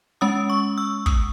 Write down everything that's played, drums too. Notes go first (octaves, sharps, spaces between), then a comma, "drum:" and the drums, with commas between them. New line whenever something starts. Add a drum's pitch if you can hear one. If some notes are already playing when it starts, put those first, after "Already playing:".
G#3 C#4 D#6
C#6
E6
D#6, drum: kick